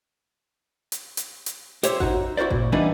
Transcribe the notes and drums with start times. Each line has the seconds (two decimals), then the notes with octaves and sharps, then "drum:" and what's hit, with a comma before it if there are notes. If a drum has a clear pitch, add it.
0.92 drum: hi-hat
1.17 drum: hi-hat
1.46 drum: hi-hat
1.83 G4 C5 C#5 E5, drum: hi-hat
2.00 D#4 F#4, drum: kick G#1
2.37 E4 F#4 A#4 C5 D5
2.50 A#2, drum: kick G#1
2.72 E3 G3 A#3 B3 D4 D#4